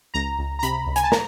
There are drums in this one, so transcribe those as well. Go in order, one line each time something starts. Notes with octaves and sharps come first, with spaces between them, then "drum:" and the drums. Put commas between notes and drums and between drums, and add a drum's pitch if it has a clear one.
C#2 A#5
C#2
A#5
C3 B5, drum: hi-hat
C#2
G#5, drum: hi-hat
A5
A#5, drum: snare